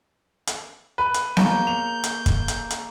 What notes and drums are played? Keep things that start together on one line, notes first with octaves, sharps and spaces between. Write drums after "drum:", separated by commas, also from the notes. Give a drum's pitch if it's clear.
drum: hi-hat
B4
drum: hi-hat
A#3 G#4 C#5 G6, drum: snare B3
F7
drum: hi-hat
drum: kick, hi-hat
drum: hi-hat
drum: hi-hat